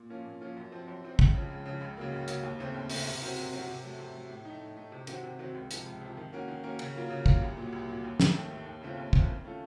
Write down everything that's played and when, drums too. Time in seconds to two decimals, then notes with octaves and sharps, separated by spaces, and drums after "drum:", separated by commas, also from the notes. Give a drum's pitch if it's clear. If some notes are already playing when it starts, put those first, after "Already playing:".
Already playing: A#2
0.10 F3 A#3 C#4 F4
0.25 A#2
0.41 F3 A#3 C#4 F4
0.57 F#2
0.72 F3 C4
0.88 F#2
1.03 F3 C4
1.19 C#2, drum: kick
1.34 C#3 F3
1.50 C#2
1.66 C#3 F3
1.81 C#2
1.97 C#3 F#3 A#3
2.12 C#2
2.28 C#3 F#3 A#3, drum: hi-hat
2.43 D#2
2.59 C#3 A3 C4
2.74 D#2
2.90 C#3 A3 C4, drum: open hi-hat
3.06 C3
3.21 F#3 C4 F#4 A#4
3.37 C3
3.52 F#3 C4 F#4 A#4
3.68 C3
3.83 F#3 A3
3.99 C3
4.14 F#3 A3
4.30 A2
4.45 A3 D#4
4.61 A2
4.77 A3 D#4
4.92 C3
5.07 D#3 F#3 C4 F#4, drum: hi-hat
5.24 C3
5.39 D#3 F#3 C4 F#4
5.54 C#2
5.71 C3 F3, drum: hi-hat
5.86 C#2
6.01 C3 F3
6.17 D#3
6.32 A#3 C#4 F#4 A#4
6.48 D#3
6.63 A#3 C#4 F#4 A#4
6.79 C#3, drum: cymbal
6.95 F#3 A#3 F4 A#4
7.10 C#3
7.26 F#3 A#3 F4 A#4, drum: kick
7.42 C2
7.57 A#2 F#3
7.73 C2
7.89 A#2 F#3
8.04 D#2
8.20 D#3 A3, drum: snare
8.35 D#2
8.51 D#3 A3
8.66 D#2
8.81 C#3 A3 C4 F4
8.97 D#2
9.13 C#3 A3 C4 F4, drum: kick
9.28 D#3
9.44 A3 C#4 F4 A4